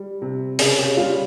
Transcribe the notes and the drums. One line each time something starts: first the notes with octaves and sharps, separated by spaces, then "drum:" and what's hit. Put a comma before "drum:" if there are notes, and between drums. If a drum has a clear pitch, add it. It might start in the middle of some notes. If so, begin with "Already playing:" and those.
Already playing: G3
C3
C#3 G#4, drum: open hi-hat
G4
G3 F4